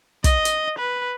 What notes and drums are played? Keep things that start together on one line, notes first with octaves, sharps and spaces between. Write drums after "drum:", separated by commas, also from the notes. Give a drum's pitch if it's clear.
D#5, drum: kick, hi-hat
drum: hi-hat
B4